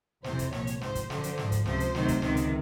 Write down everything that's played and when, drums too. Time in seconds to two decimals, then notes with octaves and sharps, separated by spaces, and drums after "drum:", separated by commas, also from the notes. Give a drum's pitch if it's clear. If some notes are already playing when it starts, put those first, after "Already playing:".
0.24 F2 C3 E3 C5, drum: snare
0.39 drum: kick, hi-hat
0.52 C2 A#2 F3 C#5, drum: snare
0.67 drum: hi-hat
0.81 G#2 F3 C5, drum: snare
0.95 drum: kick, hi-hat
1.10 F#2 D3 F3, drum: snare
1.24 drum: hi-hat
1.38 G#2 F3, drum: snare
1.52 drum: kick, hi-hat
1.66 C#2 C3 F3 C5, drum: snare
1.80 drum: hi-hat
1.95 D2 C3 D#3 F#3, drum: snare
2.08 drum: kick, hi-hat
2.22 C#2 C3 D#3, drum: snare
2.37 drum: hi-hat